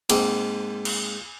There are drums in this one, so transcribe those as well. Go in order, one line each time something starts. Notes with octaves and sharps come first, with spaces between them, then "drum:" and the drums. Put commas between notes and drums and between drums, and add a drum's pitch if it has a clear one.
G#2 G#3 A#3 C4, drum: cymbal
drum: cymbal